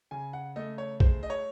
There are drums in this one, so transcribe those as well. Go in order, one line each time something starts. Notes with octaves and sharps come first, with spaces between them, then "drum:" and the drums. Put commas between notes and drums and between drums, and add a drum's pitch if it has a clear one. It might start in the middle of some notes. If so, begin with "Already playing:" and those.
C#3 G#5
F#5
A3 D#5
C#5
G#3 C5, drum: kick A#1
D#5
C#5